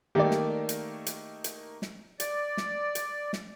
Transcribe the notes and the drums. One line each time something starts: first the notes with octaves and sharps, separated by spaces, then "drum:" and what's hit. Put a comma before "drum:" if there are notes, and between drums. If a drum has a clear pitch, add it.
D#3 A3 A#3 G4 D5
drum: snare
drum: hi-hat
drum: hi-hat
drum: hi-hat
drum: snare
D5, drum: hi-hat
drum: snare
drum: hi-hat
drum: snare